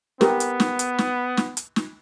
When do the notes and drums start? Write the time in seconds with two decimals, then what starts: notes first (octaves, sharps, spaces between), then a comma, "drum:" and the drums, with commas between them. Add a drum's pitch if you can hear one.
0.21 B3 G4 A#4, drum: snare
0.40 drum: hi-hat
0.60 drum: snare
0.79 drum: hi-hat
0.98 drum: snare
1.37 drum: snare
1.57 drum: hi-hat
1.76 drum: snare